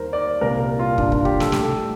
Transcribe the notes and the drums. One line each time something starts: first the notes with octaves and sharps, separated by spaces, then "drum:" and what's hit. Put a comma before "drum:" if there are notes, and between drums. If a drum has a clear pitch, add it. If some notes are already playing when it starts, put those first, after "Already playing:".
Already playing: D#2 G3 A#4 C5
D5
C2 A#2 G3 A#4
A#4
F4
D4, drum: kick
F4, drum: kick
G4, drum: kick
A4, drum: snare
A2 G4, drum: snare
G3 A4